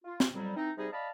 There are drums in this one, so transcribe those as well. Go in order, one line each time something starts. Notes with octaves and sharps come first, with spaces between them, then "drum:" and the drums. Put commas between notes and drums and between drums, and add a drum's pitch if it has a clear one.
F4
drum: snare
F2 F#3 G3
E3 C4 D#4
C3 G3 D#4 G#4
D5 D#5 F5 A5 B5